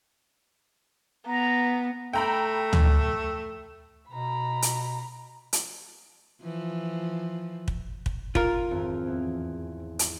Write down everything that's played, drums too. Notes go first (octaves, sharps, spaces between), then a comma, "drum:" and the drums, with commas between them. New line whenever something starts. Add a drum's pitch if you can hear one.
B3 A#5
A3 G5 A#5 B5
drum: tom
B2 A#5 B5
drum: hi-hat
drum: hi-hat
E3 F3
drum: kick
drum: kick
F4 A#4, drum: kick
G#1 F2 G#2
E2
drum: hi-hat